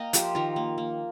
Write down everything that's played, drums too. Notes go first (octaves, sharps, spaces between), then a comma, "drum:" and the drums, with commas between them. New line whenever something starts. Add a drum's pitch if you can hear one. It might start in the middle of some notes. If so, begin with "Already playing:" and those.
Already playing: A#3 A#4 D#5 G5
F3 G4 C5, drum: hi-hat
D#3 F4 A#4
A#3
A#3